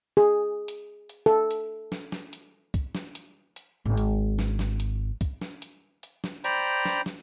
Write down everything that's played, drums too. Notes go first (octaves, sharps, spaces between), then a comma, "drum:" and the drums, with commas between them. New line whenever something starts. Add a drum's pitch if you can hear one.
G#4
drum: hi-hat
drum: hi-hat
A4
drum: hi-hat
drum: snare
drum: snare
drum: hi-hat
drum: kick C2, hi-hat
drum: snare
drum: hi-hat
drum: hi-hat
G#1
drum: hi-hat
drum: snare
drum: snare
drum: hi-hat
drum: kick C2, hi-hat
drum: snare
drum: hi-hat
drum: hi-hat
drum: snare
C5 D5 G5 A#5 B5, drum: hi-hat
drum: snare
drum: snare